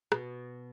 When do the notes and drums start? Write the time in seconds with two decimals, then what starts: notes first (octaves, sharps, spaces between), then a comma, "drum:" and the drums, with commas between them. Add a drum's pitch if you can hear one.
0.12 B2, drum: rim click